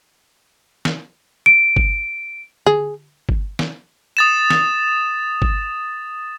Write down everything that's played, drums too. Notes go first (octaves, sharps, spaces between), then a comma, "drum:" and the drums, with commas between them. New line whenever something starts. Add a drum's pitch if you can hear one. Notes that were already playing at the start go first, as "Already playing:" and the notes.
drum: snare
D7
drum: kick G1
G#4, drum: tom D3
drum: kick G1
drum: snare
D#6 A6 E7
drum: snare
drum: kick G1